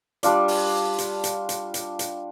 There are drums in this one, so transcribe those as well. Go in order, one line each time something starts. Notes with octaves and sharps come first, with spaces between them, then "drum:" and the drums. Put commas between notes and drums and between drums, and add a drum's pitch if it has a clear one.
G3 D4 F4 D5, drum: hi-hat
drum: open hi-hat
drum: hi-hat
drum: hi-hat
drum: hi-hat
drum: hi-hat
drum: hi-hat